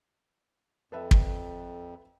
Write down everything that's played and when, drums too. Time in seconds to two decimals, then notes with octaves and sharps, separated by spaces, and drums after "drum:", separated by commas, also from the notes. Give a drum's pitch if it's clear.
0.92 F2 A4 B4 E5
1.11 drum: kick